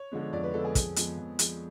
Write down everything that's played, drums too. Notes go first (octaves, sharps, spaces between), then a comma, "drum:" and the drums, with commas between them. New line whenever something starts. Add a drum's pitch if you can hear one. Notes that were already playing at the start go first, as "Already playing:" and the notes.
Already playing: C#5
D3 F3 G#3 B3
F2 D5
B4
D3 F3 G#3 B3 A4
G#4
F2, drum: kick, hi-hat
F3 G#3 B3, drum: hi-hat
F2
F3 G#3 B3, drum: hi-hat